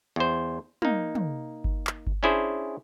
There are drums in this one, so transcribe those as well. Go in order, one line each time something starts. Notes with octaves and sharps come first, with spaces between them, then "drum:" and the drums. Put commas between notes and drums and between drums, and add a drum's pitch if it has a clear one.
E2 C5
A#3 D#4, drum: tom
drum: tom
drum: kick G1
drum: clap
drum: kick G1
C#4 D4 E4 G#4 C5